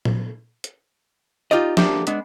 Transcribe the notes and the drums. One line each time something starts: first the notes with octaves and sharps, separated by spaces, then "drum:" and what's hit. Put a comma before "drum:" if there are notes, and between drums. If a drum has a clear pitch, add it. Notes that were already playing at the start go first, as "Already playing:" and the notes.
drum: tom A#2
drum: hi-hat
D#4 F4 G4 D5 D#5
F3 A#3 D4 G4 E5, drum: snare
G#3 B3 D4, drum: hi-hat